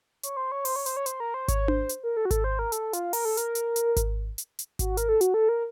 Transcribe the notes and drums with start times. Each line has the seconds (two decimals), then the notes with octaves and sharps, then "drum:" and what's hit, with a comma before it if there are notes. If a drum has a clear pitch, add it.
0.23 C#5, drum: hi-hat
0.37 C5
0.52 C#5
0.65 C5, drum: open hi-hat
0.76 C#5
0.86 C5, drum: hi-hat
0.97 C#5
1.06 C5, drum: hi-hat
1.20 A#4
1.34 C5
1.48 C#5, drum: kick G#1, hi-hat
1.68 C5, drum: tom D4
1.89 drum: hi-hat
2.04 A#4
2.17 A4
2.25 F#4
2.31 A4, drum: kick G#1, hi-hat
2.44 C5
2.59 A#4
2.72 A4, drum: hi-hat
2.93 F4, drum: hi-hat
3.13 A#4, drum: open hi-hat
3.25 A4
3.37 A#4, drum: hi-hat
3.55 drum: hi-hat
3.76 drum: hi-hat
3.96 drum: kick G#1, hi-hat
4.38 drum: hi-hat
4.59 drum: hi-hat
4.79 F#4, drum: kick G#1, hi-hat
4.97 A#4, drum: hi-hat
5.09 A4
5.21 F#4, drum: hi-hat
5.34 A4
5.49 A#4